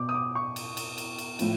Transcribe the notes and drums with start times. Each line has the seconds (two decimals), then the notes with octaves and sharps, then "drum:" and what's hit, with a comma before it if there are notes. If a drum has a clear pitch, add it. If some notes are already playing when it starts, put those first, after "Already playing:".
Already playing: B2 D6
0.09 D#6
0.14 D6
0.35 C#6
0.56 drum: cymbal
0.77 drum: cymbal
0.98 drum: cymbal
1.18 drum: cymbal
1.39 A2 F3, drum: cymbal